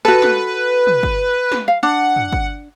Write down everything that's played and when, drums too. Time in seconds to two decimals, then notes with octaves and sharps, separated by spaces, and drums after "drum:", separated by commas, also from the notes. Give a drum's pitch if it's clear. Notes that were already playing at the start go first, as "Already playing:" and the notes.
0.05 F#4 A4 B4
0.22 drum: snare
0.87 drum: tom
1.03 drum: kick
1.52 drum: snare
1.68 F5
1.83 D4 F#5
2.16 drum: tom
2.32 drum: kick